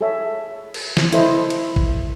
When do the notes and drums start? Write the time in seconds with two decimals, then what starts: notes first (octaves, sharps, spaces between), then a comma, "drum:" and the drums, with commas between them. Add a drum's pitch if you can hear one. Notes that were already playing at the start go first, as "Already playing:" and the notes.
0.01 G#4 A4 C#5 E5
0.74 drum: cymbal
0.97 drum: snare
1.13 E4 A4 C5 D#5, drum: hi-hat
1.50 drum: cymbal
1.76 drum: kick